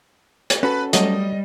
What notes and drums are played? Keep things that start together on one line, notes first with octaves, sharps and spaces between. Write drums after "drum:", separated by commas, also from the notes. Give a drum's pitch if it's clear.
drum: hi-hat
C#4 F#4 A4 B4 B5
F#3 G3 A3 D#5, drum: hi-hat